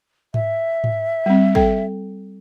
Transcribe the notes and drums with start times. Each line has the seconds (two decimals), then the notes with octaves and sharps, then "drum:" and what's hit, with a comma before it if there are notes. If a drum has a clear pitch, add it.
0.34 E5, drum: tom G#2
0.84 drum: tom G#2
1.26 G3 C4
1.55 A4 G5, drum: kick